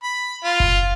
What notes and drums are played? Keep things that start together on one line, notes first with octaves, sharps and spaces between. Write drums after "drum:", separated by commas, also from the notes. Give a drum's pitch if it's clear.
B5
F4
drum: kick F#1